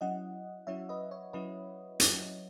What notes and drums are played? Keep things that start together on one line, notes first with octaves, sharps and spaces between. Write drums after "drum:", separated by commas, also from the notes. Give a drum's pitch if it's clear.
F#3 C#4 E4 D#5 F#5
F#3 C#4 E4 C#5 E5
B4 D#5
C#5
F#3 C#4 E4 B4 D#5
F#3 C#4 E4, drum: hi-hat